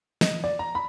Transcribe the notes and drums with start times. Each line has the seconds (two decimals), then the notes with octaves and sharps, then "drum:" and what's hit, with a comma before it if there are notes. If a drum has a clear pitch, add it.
0.21 D#5, drum: snare
0.44 D5
0.59 A#5
0.75 B5